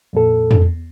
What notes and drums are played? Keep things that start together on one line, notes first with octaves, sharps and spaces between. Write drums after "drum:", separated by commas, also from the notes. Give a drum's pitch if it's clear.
F2 A#2 A4
drum: tom